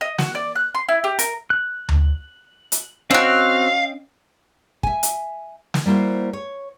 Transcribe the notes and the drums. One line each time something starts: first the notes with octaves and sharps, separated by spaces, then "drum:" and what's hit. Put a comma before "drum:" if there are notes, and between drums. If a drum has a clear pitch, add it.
D#5
F#4, drum: snare
D5
F#6
C6
E4
G4
A#4, drum: hi-hat
F#6
drum: tom D2
drum: hi-hat
C4 C#4 F#4 D#5 F5 G5
E5 G#5, drum: kick
drum: hi-hat
drum: snare
G3 A#3 E4 F#4 C5
C#5